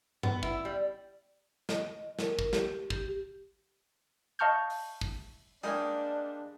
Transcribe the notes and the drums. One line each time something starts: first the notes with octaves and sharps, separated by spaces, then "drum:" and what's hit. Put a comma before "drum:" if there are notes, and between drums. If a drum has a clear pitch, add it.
B3, drum: tom G2
E4, drum: kick
G3
D#5, drum: snare
A#4, drum: snare
drum: kick
G4, drum: snare
G4, drum: kick
D#5 F5 A5 C#6 F6 G6
drum: open hi-hat
drum: kick
G3 G#3 A#3 D4 D#4 A#4 G#5